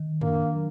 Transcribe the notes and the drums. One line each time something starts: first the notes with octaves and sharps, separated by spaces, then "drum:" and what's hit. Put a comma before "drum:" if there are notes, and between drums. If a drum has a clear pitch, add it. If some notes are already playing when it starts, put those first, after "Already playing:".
Already playing: D#3
A#3 D4, drum: tom
F#3